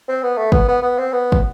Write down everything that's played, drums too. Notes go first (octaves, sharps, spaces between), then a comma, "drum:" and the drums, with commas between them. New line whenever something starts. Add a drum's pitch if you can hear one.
C4
B3
A3
B3, drum: kick
B3
B3
C4
B3
drum: kick